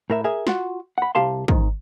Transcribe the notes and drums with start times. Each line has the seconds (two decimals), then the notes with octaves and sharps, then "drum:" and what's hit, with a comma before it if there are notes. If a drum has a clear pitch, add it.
0.10 A2 A#4 E5
0.24 G#4 A#4 E5 G#5
0.47 F4 F#4 F#5, drum: snare
0.98 F#5 B5
1.15 C2 G4 F5 A5 C6
1.48 G#2 D#3, drum: kick